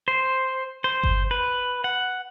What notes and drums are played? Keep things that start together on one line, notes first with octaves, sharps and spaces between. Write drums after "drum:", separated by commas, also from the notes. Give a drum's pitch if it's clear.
C5
C5
drum: kick G1
B4
F#5